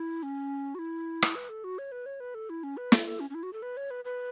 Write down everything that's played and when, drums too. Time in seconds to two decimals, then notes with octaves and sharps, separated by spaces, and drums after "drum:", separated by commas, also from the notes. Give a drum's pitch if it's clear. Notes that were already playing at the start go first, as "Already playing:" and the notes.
Already playing: E4
0.23 C#4
0.75 F#4
0.79 E4
1.22 drum: rim click
1.35 B4
1.49 A4
1.64 F#4
1.78 C#5
1.92 B4
2.06 C#5
2.20 B4
2.35 A4
2.50 E4
2.63 C#4
2.77 B4
2.92 A4, drum: snare
3.06 A4
3.20 C#4
3.30 C#4
3.35 E4
3.43 F#4
3.53 A4
3.62 B4
3.77 C#5
3.91 B4
4.05 B4